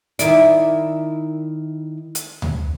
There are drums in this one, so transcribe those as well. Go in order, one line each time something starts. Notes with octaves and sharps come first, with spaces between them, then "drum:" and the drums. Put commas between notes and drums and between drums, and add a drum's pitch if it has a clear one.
D#3 E4 D5, drum: hi-hat
drum: hi-hat
drum: tom D2